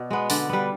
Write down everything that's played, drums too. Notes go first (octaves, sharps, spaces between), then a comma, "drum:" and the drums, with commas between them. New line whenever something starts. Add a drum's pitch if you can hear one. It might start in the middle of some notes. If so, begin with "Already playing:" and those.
Already playing: B2 D5
G#3 B3
D3 D5, drum: open hi-hat
G3 B3 B4